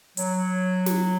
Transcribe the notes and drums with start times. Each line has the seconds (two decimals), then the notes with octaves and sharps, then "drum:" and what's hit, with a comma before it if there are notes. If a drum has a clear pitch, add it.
0.17 F#3, drum: hi-hat
0.86 drum: snare